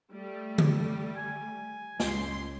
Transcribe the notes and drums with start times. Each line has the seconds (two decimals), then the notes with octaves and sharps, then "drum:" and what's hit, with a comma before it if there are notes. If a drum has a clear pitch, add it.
0.13 G3 A3
0.58 drum: tom D3
1.17 G#5
2.00 C#2 C6, drum: snare